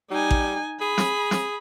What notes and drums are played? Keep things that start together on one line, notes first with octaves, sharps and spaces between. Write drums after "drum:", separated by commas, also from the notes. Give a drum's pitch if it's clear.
G3 D#4 G#5
drum: kick A1
G#4 B5
drum: snare
drum: snare